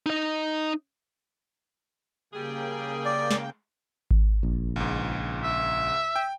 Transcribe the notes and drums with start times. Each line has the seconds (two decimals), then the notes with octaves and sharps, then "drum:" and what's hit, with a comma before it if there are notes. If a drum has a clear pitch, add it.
0.06 D#4 D#5
2.33 C#3 G3 A#3 G#4 G5
3.05 D5
3.31 drum: snare
4.11 drum: kick G#1
4.43 A#1
4.76 C#2 G#2
5.44 E5
6.16 G5